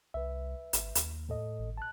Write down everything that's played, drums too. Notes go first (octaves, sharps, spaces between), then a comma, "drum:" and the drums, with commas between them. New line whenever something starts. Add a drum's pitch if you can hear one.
C2 B4 E5
G#1, drum: hi-hat
D#2, drum: hi-hat
A2 A4 D#5
G#1
A5 F#6